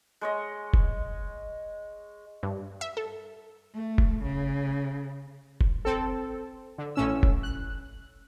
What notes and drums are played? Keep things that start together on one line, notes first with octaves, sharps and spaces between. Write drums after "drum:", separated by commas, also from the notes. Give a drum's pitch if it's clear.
G#3 C#5 D#5
drum: kick F1
G2
E5
A4
A3
drum: kick F1
C#3
drum: kick F1
C4 A4
D3
A1 A2 C#4 E6
drum: kick F1
F#6